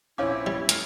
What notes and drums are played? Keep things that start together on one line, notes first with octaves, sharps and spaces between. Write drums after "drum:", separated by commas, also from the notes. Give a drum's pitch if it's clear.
A#1 C4 C#4 E4 C#5 F5 D6
G3
A3 F6 C7, drum: hi-hat